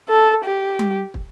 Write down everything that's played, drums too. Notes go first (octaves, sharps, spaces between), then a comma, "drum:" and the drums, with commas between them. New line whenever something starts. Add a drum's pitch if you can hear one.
A4
G4
drum: tom G3
drum: kick